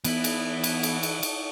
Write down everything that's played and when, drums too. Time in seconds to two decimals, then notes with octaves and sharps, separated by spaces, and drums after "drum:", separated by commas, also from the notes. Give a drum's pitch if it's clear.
0.04 E3 B3 E4, drum: cymbal
0.24 drum: cymbal
0.64 drum: cymbal
0.83 drum: cymbal
1.03 drum: cymbal
1.23 drum: cymbal